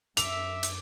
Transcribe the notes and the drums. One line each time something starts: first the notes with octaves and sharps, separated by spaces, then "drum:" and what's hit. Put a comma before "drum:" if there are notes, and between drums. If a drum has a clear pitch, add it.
F#2 E5 D6 D7 F7, drum: hi-hat
drum: hi-hat